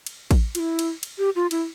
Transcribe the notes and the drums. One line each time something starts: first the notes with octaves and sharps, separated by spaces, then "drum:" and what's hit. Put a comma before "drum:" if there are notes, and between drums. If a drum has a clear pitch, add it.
drum: cymbal
drum: kick A1, cymbal
F4, drum: cymbal
E4
drum: cymbal
drum: cymbal
G4
F4
E4, drum: cymbal